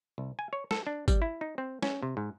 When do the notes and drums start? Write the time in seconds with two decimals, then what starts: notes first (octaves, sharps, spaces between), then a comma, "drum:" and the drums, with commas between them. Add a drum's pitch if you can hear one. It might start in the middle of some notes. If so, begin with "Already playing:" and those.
0.18 C2
0.39 G#5
0.53 C#5
0.71 A4, drum: snare
0.87 D4
1.08 G3, drum: kick G#1, tambourine
1.22 E4
1.41 D#4
1.58 C4
1.82 C#4, drum: snare
2.03 C3
2.17 G#2